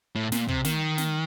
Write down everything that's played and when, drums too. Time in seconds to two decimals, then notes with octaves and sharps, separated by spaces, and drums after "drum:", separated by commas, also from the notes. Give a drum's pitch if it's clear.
0.15 A2
0.32 A#2, drum: snare
0.48 C3, drum: kick
0.65 D#3, drum: snare
0.98 drum: snare